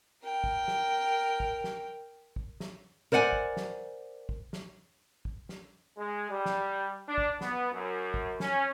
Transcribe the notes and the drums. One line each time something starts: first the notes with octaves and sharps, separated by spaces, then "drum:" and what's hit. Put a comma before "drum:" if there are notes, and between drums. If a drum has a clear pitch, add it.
A#4 G5
drum: kick
drum: snare
drum: kick
drum: snare
drum: kick
drum: snare
A#4 C5 D5 F#5 G#5
drum: kick
drum: snare
drum: kick
drum: snare
drum: kick
drum: snare
G#3
G3
drum: snare
D4
drum: kick
B3, drum: snare
F#2
drum: kick
C#4, drum: snare